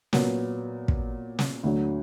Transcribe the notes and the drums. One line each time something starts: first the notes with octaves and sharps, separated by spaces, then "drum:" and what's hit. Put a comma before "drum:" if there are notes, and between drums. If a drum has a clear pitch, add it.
A#2 F#3 B3, drum: snare
drum: kick
drum: snare
D2 D3 F#3